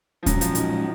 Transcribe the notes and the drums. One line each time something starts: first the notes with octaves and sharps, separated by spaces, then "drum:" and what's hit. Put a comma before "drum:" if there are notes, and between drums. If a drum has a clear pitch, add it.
F3
A#2 F#3 G#3 C#4, drum: kick, hi-hat
F3, drum: hi-hat
A#2 D#3 G#3 C#4, drum: hi-hat